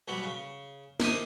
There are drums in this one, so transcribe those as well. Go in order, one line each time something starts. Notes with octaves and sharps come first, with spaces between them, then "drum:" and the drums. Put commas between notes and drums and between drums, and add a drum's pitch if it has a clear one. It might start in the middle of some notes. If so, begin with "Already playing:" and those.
B1 F#3 G3 B3
C#3
D#2 C3 G4 D#6, drum: snare